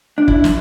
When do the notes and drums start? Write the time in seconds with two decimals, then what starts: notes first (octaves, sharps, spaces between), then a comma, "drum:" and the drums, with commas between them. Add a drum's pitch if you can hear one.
0.18 D4
0.28 E4, drum: kick
0.44 drum: snare